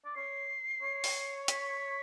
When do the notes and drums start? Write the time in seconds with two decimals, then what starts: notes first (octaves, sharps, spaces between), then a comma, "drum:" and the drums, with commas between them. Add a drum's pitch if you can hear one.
0.05 D5
0.16 C#5 C7
0.82 C#5
1.04 drum: open hi-hat
1.48 B6, drum: hi-hat